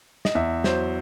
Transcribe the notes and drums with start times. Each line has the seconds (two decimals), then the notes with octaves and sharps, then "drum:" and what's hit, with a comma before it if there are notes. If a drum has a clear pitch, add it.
0.25 D#5, drum: snare
0.35 E2 E5
0.64 F#3 C5, drum: snare